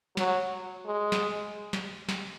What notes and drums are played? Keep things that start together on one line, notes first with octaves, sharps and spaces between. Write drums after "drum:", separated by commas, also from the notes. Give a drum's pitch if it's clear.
F#3, drum: snare
G#3
drum: snare
drum: snare
drum: snare